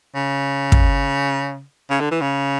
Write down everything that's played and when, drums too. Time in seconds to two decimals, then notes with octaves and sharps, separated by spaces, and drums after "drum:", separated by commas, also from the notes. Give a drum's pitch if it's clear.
0.15 C#3
0.72 drum: kick
1.90 C#3
2.00 D3
2.11 E3
2.21 C#3